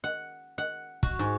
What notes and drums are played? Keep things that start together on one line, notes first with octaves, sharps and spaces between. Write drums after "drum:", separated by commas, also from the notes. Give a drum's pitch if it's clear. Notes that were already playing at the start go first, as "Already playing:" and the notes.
F#5
F#5
F#4, drum: kick
G#2